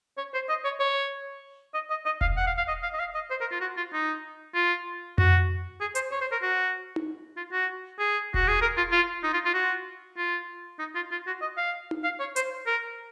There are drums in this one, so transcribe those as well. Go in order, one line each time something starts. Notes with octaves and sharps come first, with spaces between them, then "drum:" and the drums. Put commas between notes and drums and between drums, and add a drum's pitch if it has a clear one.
C#5
C5
D#5
C#5
C#5
D#5
D#5
D#5
F5, drum: kick E1
F#5
F5
F5
D#5
F5
D#5
F5
D#5
C5
A#4
F4
F#4
F4
D#4
F4
F#4, drum: tom F2
G#4
C5, drum: hi-hat
C#5
C5
A#4
F#4
drum: tom D#4
F4
F#4
G#4
F#4, drum: kick E1
G#4
A#4
F4
F4
D#4
F4
F4
F#4
F4
D#4
F4
F4
F#4
D#5
F5
drum: tom D#4
F5
C#5
C5, drum: hi-hat
A#4